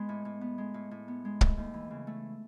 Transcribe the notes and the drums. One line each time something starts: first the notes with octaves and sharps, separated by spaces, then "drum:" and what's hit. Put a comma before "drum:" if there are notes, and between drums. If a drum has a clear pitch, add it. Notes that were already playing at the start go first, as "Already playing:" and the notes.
Already playing: G#3 B3
A2
A2
B3
G#3
A2
A2
B3
G#3
A3, drum: kick
D#2
E3
C#3
A3